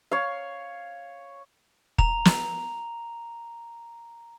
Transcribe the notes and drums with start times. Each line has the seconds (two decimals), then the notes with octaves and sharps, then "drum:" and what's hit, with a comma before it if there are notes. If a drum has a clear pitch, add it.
0.11 C#5 F5
1.98 A#5 F7, drum: kick
2.25 drum: snare